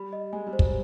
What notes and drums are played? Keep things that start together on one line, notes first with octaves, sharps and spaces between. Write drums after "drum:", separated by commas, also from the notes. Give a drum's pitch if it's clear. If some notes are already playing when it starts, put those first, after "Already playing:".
Already playing: G3 B5
D#5
G#3 G#5
G3
C5
F#3, drum: kick